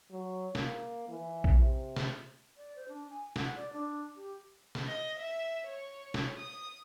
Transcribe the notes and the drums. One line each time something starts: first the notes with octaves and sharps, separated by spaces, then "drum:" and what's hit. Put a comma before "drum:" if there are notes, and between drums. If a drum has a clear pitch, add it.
F#3
A#3, drum: snare
E3
drum: kick A#1
C3
drum: snare
D5
C5
D4
G#5
F#5, drum: snare
D5
D4
G4
drum: snare
D#5
E5
C#5
drum: snare
D#6